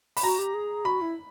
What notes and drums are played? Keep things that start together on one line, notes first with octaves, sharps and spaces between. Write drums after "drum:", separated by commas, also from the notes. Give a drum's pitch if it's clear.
B5, drum: open hi-hat
F#4 A#5
G4
G#4
F#4 B5
E4